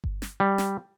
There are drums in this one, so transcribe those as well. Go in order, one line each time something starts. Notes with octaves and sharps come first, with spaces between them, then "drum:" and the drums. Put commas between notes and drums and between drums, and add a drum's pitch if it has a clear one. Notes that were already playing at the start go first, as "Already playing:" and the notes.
drum: kick G1
drum: snare
G3
drum: snare